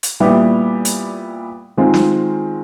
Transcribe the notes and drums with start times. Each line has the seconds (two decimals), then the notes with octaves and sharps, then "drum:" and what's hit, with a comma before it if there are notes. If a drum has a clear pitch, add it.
0.03 drum: hi-hat
0.20 A#2 G3 B3 E4 G4
0.85 drum: hi-hat
1.77 D#3 G#3 C4 F4
1.94 drum: snare